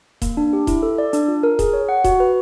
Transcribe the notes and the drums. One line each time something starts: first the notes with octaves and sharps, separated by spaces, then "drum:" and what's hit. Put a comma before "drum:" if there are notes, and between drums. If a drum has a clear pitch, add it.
A#3, drum: kick D#1, hi-hat
D4
G4
E4, drum: kick D#1, hi-hat
A4
D5
D4, drum: hi-hat
F4
A#4
G#4, drum: kick D#1, hi-hat
C#5
F#5
F#4, drum: kick D#1, hi-hat
B4